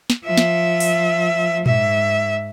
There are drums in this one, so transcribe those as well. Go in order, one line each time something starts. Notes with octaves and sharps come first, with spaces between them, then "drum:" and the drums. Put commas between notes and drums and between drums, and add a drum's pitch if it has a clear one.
drum: snare
F3 E5
drum: snare
drum: open hi-hat
G#2 E5, drum: tom A#2